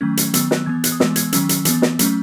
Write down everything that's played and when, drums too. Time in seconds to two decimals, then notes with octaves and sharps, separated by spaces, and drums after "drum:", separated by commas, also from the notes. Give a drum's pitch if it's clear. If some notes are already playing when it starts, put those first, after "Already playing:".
0.01 D#3 F#3 A3 C#4 G#6
0.17 drum: hi-hat
0.34 D#3 F#3 B3 E6, drum: hi-hat
0.51 F#6, drum: snare
0.66 E3 B3 G#6
0.84 F#6, drum: hi-hat
0.92 D#6
1.00 E3 G#3 B3 E6, drum: snare
1.16 G#6, drum: hi-hat
1.33 D#3 F#3 C#4 E6, drum: hi-hat
1.49 drum: hi-hat
1.65 E3 B3, drum: hi-hat
1.82 drum: snare
1.99 F#3 A3 C#4, drum: hi-hat